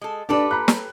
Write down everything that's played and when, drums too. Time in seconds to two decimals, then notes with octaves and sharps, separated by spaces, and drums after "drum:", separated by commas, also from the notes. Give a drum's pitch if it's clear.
0.02 G#3 A4
0.29 D4 G4 A4 B4 D5
0.51 A#5 B5 F#6
0.68 drum: snare